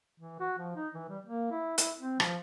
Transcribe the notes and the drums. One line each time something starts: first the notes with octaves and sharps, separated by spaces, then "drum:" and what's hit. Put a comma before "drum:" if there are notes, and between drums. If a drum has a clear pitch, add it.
E3
F#4
F3
D#4
E3
G3
A#3
E4
E4, drum: hi-hat
C4
F3, drum: rim click